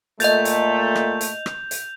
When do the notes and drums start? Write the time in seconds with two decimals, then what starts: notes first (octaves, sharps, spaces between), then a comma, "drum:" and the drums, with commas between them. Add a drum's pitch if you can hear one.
0.20 A#2 A3 D#5 G6 A6 F7, drum: hi-hat
0.45 drum: hi-hat
0.95 drum: rim click
1.21 drum: hi-hat
1.46 drum: rim click
1.71 drum: hi-hat